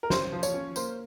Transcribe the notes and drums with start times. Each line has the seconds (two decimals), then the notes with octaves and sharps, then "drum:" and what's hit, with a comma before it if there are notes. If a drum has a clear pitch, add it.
0.03 A#4
0.10 C#4 C5, drum: snare
0.32 F3
0.43 C#5, drum: tambourine
0.54 C#4
0.76 A#3 C5, drum: tambourine